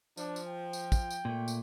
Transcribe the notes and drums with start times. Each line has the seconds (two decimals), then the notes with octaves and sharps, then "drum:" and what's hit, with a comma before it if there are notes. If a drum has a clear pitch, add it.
0.17 F3 D4, drum: tambourine
0.36 drum: tambourine
0.46 G5
0.73 drum: tambourine
0.92 drum: kick, tambourine
1.11 drum: tambourine
1.25 A#2 A3
1.48 drum: tambourine